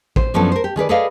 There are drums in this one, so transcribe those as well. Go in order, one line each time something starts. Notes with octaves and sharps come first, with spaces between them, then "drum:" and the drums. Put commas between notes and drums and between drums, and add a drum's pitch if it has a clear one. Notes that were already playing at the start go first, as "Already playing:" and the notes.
C5, drum: kick A1
F#2 F3 F#3 B3 D4 A4
A#4 C5
G4
D#3 G#4 B4 D5
G#4 A4 B4 D5 D#5 F5